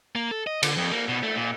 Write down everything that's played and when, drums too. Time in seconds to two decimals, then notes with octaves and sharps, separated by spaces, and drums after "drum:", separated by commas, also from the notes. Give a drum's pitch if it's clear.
0.15 A#3
0.31 A4
0.47 D#5
0.63 D3, drum: cymbal
0.77 F2
0.92 A#3
1.09 B2
1.23 A3
1.36 A#2